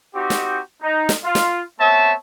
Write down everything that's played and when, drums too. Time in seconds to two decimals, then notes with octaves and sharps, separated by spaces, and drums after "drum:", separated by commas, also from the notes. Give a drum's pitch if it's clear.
0.14 C4 D#4 F#4 G4
0.30 drum: snare
0.83 D#4
1.09 drum: snare
1.24 F4
1.35 drum: snare
1.79 A3 B3 C4 C#5 E5 A5